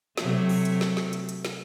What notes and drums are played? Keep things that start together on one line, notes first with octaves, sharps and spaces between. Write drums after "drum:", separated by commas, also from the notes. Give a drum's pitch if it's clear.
C3 F#3 A3, drum: snare
drum: open hi-hat
drum: hi-hat
drum: snare
drum: snare
drum: hi-hat
drum: hi-hat
drum: snare